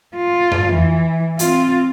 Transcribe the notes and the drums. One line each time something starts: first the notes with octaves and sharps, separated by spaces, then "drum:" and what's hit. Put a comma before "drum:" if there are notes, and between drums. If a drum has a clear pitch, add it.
F4
drum: tom F2
E3
C4 F4, drum: hi-hat